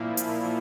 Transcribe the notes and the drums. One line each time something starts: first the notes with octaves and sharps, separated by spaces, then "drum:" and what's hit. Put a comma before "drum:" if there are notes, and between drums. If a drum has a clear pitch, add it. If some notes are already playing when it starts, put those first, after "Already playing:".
Already playing: A#2 F3 A#3 E4
drum: hi-hat
A#2 F3 A#3